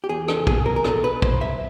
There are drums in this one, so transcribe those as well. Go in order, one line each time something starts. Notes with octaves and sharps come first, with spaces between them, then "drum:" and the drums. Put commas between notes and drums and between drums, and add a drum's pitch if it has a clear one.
G4
E2 G#4
A4, drum: rim click
B2 G#4, drum: kick
A#4
A#4
B2 A4, drum: rim click
B4
B2 C5, drum: kick
E5